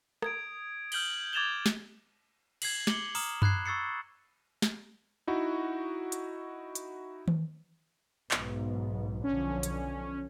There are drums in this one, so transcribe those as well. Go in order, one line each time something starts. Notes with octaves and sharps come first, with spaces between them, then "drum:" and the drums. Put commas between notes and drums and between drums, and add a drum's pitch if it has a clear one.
D#6 G#6 D7, drum: rim click
F6 G6 F#7 G7, drum: cymbal
D6 G#6 A6 E7 F7 G7
drum: snare
G#6 C7 F#7, drum: cymbal
D6 C#7 F#7 G7, drum: snare
A#5 D#6 F6 E7, drum: open hi-hat
B5 F#6 G#6 C7, drum: tom F#2
C#6 E6 A6 C7 C#7
drum: snare
D#4 E4 F#4
drum: hi-hat
drum: hi-hat
drum: tom D#3
B1 G#2 B3, drum: clap
B1 D3 F3 C#4
drum: hi-hat